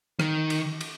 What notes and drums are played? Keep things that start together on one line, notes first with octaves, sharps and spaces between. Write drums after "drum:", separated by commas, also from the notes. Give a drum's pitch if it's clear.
D#3, drum: rim click
drum: cymbal
drum: cymbal